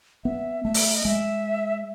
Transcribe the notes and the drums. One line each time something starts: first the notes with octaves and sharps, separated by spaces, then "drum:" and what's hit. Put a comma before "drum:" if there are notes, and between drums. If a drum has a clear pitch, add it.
B3 E5
A3 E5
drum: open hi-hat
D#5
G#3 E5